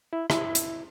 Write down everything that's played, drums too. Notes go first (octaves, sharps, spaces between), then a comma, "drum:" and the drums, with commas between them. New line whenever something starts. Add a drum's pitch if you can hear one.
E4
E4, drum: rim click
drum: hi-hat